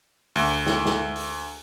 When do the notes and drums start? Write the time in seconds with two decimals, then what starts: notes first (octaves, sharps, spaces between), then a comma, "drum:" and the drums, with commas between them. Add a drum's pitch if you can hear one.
0.36 D2, drum: open hi-hat
0.67 drum: snare
0.86 drum: snare
1.16 drum: open hi-hat